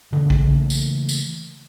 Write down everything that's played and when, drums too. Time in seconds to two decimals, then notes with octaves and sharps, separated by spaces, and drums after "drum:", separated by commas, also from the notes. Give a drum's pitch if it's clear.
0.12 C#3 E3 A3 A#3
0.30 drum: kick A#1
0.70 drum: tambourine
1.09 drum: tambourine